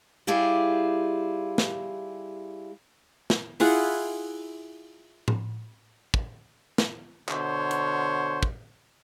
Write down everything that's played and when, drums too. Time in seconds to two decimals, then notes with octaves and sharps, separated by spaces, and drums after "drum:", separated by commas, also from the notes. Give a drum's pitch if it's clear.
0.27 G3 E4 F4 G4 G#4
1.58 drum: snare
3.30 drum: snare
3.60 E4 F4 G#4 F#5, drum: open hi-hat
5.28 drum: tom A2
6.14 drum: kick
6.78 drum: snare
7.29 B2 D3 C5 C#5, drum: clap
7.71 drum: hi-hat
8.43 drum: kick